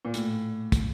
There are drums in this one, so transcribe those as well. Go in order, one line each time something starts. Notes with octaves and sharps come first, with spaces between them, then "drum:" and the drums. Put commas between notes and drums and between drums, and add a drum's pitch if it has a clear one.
A#2
A2, drum: hi-hat
drum: kick, hi-hat